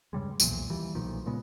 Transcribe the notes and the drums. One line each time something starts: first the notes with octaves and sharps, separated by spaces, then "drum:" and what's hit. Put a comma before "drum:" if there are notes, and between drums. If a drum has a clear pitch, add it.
G2 C#3 G3 G#3
B1 E2 A#2 F3, drum: tambourine
D#2 E3 G3
B1 A#2 D#3 F3
A#2 C#3 G#3 B3